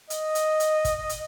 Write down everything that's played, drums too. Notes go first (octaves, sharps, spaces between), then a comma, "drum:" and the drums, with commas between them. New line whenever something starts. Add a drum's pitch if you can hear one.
D#5, drum: hi-hat
drum: hi-hat
drum: hi-hat
drum: kick, hi-hat
drum: hi-hat